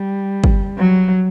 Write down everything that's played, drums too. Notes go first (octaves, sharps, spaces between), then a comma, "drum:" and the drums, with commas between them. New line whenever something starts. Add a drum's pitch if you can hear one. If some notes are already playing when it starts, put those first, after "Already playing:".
Already playing: G3
drum: kick
F#3